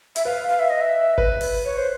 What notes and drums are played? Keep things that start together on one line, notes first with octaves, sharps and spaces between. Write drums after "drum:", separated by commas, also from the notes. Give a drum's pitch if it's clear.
E5, drum: hi-hat
B4 F5
F5
E5
D#5
E5
B4, drum: kick G1
drum: open hi-hat
C#5
C5